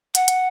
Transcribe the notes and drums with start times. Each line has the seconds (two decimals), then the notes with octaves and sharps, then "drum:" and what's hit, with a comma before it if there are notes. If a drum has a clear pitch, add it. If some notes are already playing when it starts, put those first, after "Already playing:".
0.15 F#5, drum: hi-hat
0.28 drum: hi-hat